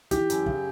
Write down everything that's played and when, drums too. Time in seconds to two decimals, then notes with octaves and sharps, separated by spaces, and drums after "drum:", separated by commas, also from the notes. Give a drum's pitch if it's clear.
0.11 E3 G4, drum: kick, hi-hat
0.30 F#2, drum: hi-hat
0.46 C#3, drum: kick